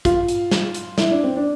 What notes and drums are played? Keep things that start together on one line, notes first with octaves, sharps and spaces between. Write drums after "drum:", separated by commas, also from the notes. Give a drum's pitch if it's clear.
F4, drum: kick, hi-hat
drum: hi-hat
drum: snare
drum: hi-hat
E4, drum: snare
D4
C4
D4